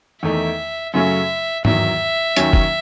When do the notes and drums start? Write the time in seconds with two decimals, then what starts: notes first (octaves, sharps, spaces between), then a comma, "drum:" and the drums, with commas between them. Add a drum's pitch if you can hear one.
0.23 E2 D#3 A3 D#4 E5
0.94 F#2 C#3 F#3 A3 C#4 E5
1.65 E2 D#3 F#3 E5, drum: tom G#2
2.36 D#2 D#3 F#3 C#4, drum: hi-hat
2.53 drum: kick